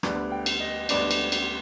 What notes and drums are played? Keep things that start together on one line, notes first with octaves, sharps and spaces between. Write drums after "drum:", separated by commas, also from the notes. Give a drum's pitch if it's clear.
D2 D3 G3 B3 D4, drum: rim click
G5
drum: cymbal
D#5
D2 D3 G3 B3 D4 D5, drum: cymbal
drum: cymbal
drum: cymbal